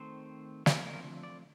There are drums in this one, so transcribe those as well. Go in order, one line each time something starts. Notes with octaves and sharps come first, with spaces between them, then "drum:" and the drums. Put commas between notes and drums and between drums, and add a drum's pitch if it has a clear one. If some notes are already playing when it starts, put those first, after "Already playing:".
Already playing: D#3 A3 C4 C5
D3 F3 A3 C4 A#4, drum: snare
A#4
D5